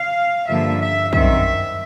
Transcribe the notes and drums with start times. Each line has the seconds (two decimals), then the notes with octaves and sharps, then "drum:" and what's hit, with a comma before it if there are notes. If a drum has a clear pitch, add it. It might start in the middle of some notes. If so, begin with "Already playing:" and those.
Already playing: F5
0.49 G2 D3 F3 A#3 E5
0.81 E5
1.13 F#2 D#3 G3 C4 E5, drum: kick